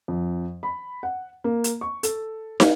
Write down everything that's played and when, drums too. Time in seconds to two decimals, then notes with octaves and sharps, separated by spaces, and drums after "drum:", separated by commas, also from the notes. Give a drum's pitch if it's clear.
0.08 F2
0.63 B5
1.03 F#5
1.44 A#3
1.64 drum: hi-hat
1.81 C#6
2.03 A4, drum: hi-hat
2.60 F5, drum: snare